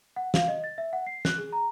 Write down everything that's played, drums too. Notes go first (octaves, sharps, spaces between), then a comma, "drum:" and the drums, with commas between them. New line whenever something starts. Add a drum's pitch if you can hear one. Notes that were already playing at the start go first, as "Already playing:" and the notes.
F#5
F5, drum: snare
D#5
A6
E5
F#5
C7
F#6, drum: snare
G#4
A#5